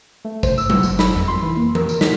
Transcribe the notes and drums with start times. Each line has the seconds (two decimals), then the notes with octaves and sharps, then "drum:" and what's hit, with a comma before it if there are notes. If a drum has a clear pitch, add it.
0.25 A3
0.43 C5, drum: kick, tambourine
0.58 E6, drum: tambourine
0.70 drum: tom F#3
0.83 G1, drum: tambourine
0.99 B5, drum: snare
1.16 F2
1.28 C6
1.42 E3
1.57 A#3
1.75 A#4, drum: tom E3
1.89 drum: tambourine
2.01 B6, drum: snare